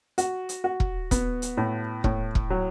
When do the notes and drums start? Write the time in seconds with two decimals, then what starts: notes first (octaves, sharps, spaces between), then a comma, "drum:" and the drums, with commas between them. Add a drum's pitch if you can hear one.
0.18 F#4, drum: hi-hat
0.49 drum: hi-hat
0.64 F#4
0.80 drum: kick E1
1.11 B3, drum: kick E1, hi-hat
1.42 drum: hi-hat
1.57 A2
2.04 A2, drum: kick E1
2.35 drum: kick E1
2.50 F#3